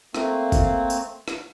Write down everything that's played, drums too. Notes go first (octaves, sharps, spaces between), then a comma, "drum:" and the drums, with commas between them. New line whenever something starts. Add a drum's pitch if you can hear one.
A3 A#3 C4, drum: rim click
drum: kick, tambourine
drum: tambourine
drum: rim click